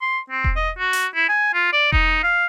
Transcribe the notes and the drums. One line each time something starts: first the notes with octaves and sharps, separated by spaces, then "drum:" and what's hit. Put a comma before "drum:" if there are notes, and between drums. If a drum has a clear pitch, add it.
C6
C4
drum: kick E1
D#5
F#4
drum: hi-hat
E4
G#5
F4
D5
D#4, drum: kick E1
F5